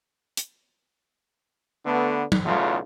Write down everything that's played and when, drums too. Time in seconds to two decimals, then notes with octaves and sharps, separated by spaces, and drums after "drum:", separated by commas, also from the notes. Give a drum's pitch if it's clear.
0.37 drum: hi-hat
1.86 D3 A3 B3
2.32 drum: tom F#3
2.45 B1 E2 C#3 A3 F4